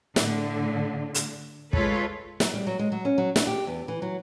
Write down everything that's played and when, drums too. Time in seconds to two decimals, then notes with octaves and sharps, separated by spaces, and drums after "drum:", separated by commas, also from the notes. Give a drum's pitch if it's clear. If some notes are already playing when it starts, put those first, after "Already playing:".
0.16 A2 D3, drum: snare
1.14 drum: hi-hat
1.73 G#3 F4 A4 B4 C#5, drum: kick
2.40 F#3, drum: snare
2.54 G3
2.67 F#3
2.79 G#3
2.92 F#3
3.05 C#4
3.18 F#3
3.36 D4, drum: snare
3.47 G4
3.67 E2
3.88 E3
4.02 F#3